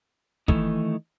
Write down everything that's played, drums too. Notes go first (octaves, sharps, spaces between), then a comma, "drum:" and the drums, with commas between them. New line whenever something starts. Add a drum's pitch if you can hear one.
D#3 E3 A3 D#4, drum: kick